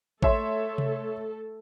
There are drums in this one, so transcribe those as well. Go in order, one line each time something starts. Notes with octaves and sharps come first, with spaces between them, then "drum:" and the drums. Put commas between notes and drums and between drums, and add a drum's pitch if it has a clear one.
A3 A4 C#5 E5 C6, drum: kick A1
drum: tom C3